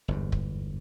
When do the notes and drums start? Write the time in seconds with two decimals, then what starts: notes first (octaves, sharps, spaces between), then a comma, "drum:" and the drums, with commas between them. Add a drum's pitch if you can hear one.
0.08 G1 E2 G#2
0.32 drum: kick